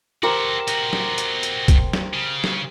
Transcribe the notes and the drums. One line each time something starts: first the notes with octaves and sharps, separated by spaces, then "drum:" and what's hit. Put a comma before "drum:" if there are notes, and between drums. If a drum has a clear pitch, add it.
F#4 G4 A4 A#4 C5
D#4 F#4, drum: hi-hat
drum: snare
drum: hi-hat
drum: hi-hat
drum: kick, hi-hat
drum: snare
C#3
drum: snare